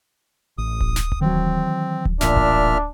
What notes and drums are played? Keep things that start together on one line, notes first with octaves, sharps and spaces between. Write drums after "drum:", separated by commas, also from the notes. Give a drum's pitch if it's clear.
A1 D#6
drum: kick D1
drum: snare
drum: kick D1
D#3 E3 F#3 C4
drum: kick D1
D1 A1 A#2 D4 E5 F6, drum: snare
drum: kick D1